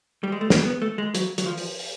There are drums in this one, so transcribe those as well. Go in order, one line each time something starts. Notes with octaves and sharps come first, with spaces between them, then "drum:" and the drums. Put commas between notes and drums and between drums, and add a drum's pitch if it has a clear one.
G3
G#3
A3
A#3, drum: snare
B3
A3
G#3
F#3, drum: hi-hat
F#3, drum: hi-hat
F3
drum: open hi-hat
drum: open hi-hat